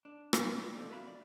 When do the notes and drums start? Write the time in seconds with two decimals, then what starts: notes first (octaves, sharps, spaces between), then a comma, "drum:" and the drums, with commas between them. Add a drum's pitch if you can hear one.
0.05 D4
0.33 drum: rim click
0.76 F2 C3 F3 A3 D4
0.90 F4 F#4 E5 F5 B5
1.07 D5